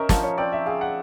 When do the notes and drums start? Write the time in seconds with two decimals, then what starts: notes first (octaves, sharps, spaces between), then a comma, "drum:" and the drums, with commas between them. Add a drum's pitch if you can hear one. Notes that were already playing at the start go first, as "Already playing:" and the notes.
Already playing: C#4 D#4 A#4 D#5 E5
0.09 F3, drum: snare
0.23 C#5
0.38 C4 D5
0.52 E5
0.66 G#4 F5
0.81 F#5